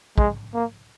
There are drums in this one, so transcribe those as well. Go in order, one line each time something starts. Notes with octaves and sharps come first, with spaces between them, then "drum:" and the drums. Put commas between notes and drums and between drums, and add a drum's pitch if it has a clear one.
G#3, drum: kick
A#3